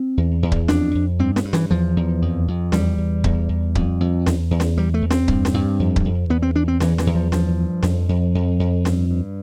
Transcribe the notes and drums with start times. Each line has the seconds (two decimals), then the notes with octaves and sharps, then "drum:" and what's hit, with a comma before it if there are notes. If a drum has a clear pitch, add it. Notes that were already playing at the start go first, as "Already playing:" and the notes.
Already playing: C4
0.17 E2
0.43 E2
0.52 drum: kick C#1
0.68 F2 D4, drum: snare
0.95 F2
1.19 G2 C4
1.36 B3, drum: snare
1.45 G2
1.53 E3, drum: snare
1.71 E2 F3
1.96 E2
2.22 F2
2.48 F2
2.72 E2 G3, drum: snare
2.98 E2
3.24 E2, drum: kick C#1
3.49 E2
3.75 F2, drum: kick C#1
4.00 F2
4.26 E2, drum: snare
4.51 E2
4.60 drum: snare
4.77 E2 G3
4.94 A3
5.02 E2
5.11 C4, drum: snare
5.28 G2, drum: kick C#1
5.45 drum: snare
5.54 G2
5.80 F2
5.96 drum: kick C#1
6.05 F2
6.30 E2 B3
6.42 C4
6.55 E2 D4
6.68 C4
6.80 E2 E3, drum: snare
6.98 E3, drum: snare
7.07 E2
7.15 F3
7.32 G2 F3, drum: snare
7.58 G2
7.83 F2, drum: snare
8.09 F2
8.35 F2
8.59 F2
8.85 G2, drum: snare
9.11 G2